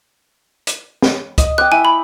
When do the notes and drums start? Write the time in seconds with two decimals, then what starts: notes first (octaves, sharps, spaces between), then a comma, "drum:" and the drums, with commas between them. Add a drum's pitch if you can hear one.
0.67 drum: hi-hat
1.02 drum: snare
1.38 D#5, drum: kick C#2, hi-hat
1.58 G5 D6 F#6
1.72 E4 G#5
1.85 B5